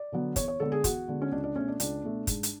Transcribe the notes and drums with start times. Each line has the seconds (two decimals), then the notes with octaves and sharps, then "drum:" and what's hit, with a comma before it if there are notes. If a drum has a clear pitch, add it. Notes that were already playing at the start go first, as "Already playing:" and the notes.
Already playing: D5
0.12 D3 F#3 B3
0.36 E2 C#5, drum: kick, hi-hat
0.48 C#5
0.60 D3 G#3 B3 A4
0.72 G#4
0.84 E2 F#4, drum: kick, hi-hat
1.08 D3 G#3 B3
1.22 C#4
1.32 C#2 D4
1.44 D4
1.56 B2 A3 C#4
1.68 D4
1.80 C#2 D4, drum: hi-hat
2.03 B2 A3
2.27 G#2, drum: kick, hi-hat
2.43 drum: hi-hat